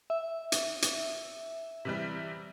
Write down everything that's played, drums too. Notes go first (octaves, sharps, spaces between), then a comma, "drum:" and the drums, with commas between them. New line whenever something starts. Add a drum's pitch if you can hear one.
E5
drum: hi-hat
drum: hi-hat
C3 E3 G3